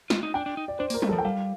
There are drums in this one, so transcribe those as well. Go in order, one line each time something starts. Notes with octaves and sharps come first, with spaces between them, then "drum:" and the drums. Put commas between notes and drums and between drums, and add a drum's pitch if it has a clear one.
F4, drum: snare
D#4
D4 G5
D4
D#4
D5
D4 C5
A#3, drum: open hi-hat
A#4
A3, drum: tom F#3
F3 A4
G5
G3 F5